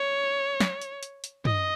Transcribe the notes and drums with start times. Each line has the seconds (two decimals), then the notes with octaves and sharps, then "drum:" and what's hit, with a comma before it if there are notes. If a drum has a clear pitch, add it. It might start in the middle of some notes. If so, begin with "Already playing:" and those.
Already playing: C#5
0.60 drum: snare
0.82 drum: hi-hat
1.03 drum: hi-hat
1.24 drum: hi-hat
1.45 D#5, drum: tom